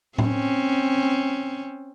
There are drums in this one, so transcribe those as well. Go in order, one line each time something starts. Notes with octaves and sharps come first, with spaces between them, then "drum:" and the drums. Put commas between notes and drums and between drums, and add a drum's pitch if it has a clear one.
C4 C#4, drum: tom A2